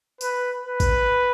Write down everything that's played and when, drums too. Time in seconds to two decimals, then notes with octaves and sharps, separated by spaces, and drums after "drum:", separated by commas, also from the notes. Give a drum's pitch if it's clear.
0.21 B4, drum: tambourine
0.65 B4
0.80 drum: kick, tambourine